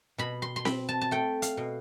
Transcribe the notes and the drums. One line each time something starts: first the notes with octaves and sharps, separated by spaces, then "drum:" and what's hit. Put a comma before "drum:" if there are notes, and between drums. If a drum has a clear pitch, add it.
B2 B5
C6
C6
C4 B5, drum: snare C4
A5
A5
A3 G5
F5, drum: hi-hat
B2